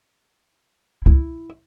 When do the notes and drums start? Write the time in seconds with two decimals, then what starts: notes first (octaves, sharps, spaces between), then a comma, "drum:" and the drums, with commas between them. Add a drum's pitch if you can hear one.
1.06 E4, drum: kick C#2